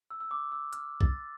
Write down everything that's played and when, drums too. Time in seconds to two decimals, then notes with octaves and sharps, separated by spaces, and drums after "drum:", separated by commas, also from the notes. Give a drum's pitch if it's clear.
0.11 E6
0.21 E6
0.31 D6
0.52 E6
0.73 F6, drum: hi-hat
1.01 A6, drum: kick